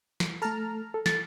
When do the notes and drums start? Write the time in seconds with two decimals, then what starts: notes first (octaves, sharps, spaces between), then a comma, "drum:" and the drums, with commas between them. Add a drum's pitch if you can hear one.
0.20 drum: snare
0.42 A3 A4 A5 A#5 F6
0.94 A4
1.06 A6, drum: snare